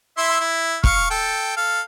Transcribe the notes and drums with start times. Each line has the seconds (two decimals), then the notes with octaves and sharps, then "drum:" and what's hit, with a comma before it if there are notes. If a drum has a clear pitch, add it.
0.18 E4 E5 C6
0.40 E4
0.84 F5 C#6 F6, drum: kick
1.11 A4 G5
1.57 A4 F5